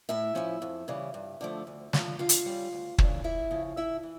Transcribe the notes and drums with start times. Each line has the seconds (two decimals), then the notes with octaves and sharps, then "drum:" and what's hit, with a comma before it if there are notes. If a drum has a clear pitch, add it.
0.09 A2 E4 E5
0.35 F3 C#4 E4
0.62 F2
0.88 C#3 E3 G3
1.14 G2
1.41 D3 F3 A3
1.67 D2
1.93 D3 F3, drum: snare
2.19 D3 F4 F5
2.29 drum: hi-hat
2.46 G3 C#4
2.72 D2
2.98 C#3 E3 A3 D4, drum: kick
3.24 E2 E4 E5
3.51 C#3 F3 C#4
3.77 A2 E4 E5
4.03 E3